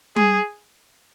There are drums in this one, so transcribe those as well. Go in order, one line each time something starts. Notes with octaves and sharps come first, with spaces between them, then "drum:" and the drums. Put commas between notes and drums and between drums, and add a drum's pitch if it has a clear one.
G#4, drum: tom G3